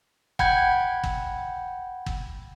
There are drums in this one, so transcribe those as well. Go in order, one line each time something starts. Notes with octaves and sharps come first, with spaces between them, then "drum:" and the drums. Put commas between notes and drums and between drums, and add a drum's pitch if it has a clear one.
F#5 G5 B5 G6 G#6, drum: kick
drum: kick
drum: kick